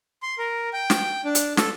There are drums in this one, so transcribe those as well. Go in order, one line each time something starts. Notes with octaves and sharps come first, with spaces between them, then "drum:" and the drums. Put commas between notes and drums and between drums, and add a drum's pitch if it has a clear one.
C6
A#4
G5
drum: snare
D4
drum: hi-hat
A4, drum: snare